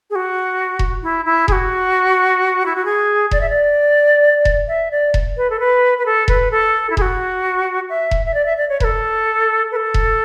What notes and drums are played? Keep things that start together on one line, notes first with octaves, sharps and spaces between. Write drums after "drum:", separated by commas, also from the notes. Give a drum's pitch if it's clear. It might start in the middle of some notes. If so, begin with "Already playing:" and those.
G#4
F#4
drum: kick E1
E4
E4
G#4, drum: kick E1
F#4
E4
F#4
G#4
D5, drum: kick E1
E5
D5
drum: kick E1
E5
D5
drum: kick E1
B4
A4
B4
B4
A4
B4, drum: kick E1
A4
E4
G#4, drum: kick E1
F#4
E5
drum: kick E1
E5
D5
E5
D5
C#5
B4, drum: kick E1
A4
B4
A4
drum: kick E1